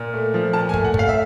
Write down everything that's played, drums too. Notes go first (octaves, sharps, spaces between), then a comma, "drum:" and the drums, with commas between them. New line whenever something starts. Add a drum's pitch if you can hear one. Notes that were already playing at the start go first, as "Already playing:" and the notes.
Already playing: A#2
A3
F3
A#2 A5
G#5
A3, drum: kick
F#5
A3, drum: kick
F5
E5